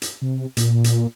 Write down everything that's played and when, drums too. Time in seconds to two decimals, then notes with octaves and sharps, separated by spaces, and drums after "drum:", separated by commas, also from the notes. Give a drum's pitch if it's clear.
0.02 drum: hi-hat
0.22 C3
0.57 A#2, drum: hi-hat
0.84 drum: hi-hat